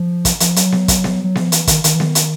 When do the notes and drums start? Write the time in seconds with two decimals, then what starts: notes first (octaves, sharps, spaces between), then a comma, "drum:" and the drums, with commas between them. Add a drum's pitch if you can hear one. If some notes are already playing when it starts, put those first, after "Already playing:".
Already playing: F3
0.25 drum: kick, hi-hat
0.40 F3, drum: hi-hat
0.56 F#3, drum: hi-hat
0.72 drum: snare B3
0.88 drum: kick, hi-hat
1.04 drum: snare B3
1.24 F#3
1.35 F3, drum: snare B3
1.52 E3, drum: hi-hat
1.67 D#3, drum: kick, hi-hat
1.84 D#3, drum: hi-hat
1.95 E3
2.00 D#3, drum: snare B3
2.15 drum: hi-hat